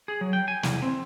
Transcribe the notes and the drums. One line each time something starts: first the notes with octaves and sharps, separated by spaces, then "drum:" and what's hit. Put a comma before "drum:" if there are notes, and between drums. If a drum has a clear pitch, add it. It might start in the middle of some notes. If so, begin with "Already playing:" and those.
G#4
F#3
G5
G#5
E2, drum: snare
C4